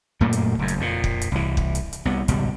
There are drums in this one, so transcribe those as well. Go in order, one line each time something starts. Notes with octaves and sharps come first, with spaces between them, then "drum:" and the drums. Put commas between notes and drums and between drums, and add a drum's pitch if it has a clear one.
F#2 A#2 A3 A#3
drum: hi-hat
F#1 F#2
drum: hi-hat
F2 A#2
drum: kick
drum: hi-hat
C2 E3
drum: kick
drum: hi-hat
drum: hi-hat
C2 B3
G#1 C#2 B2 G3, drum: hi-hat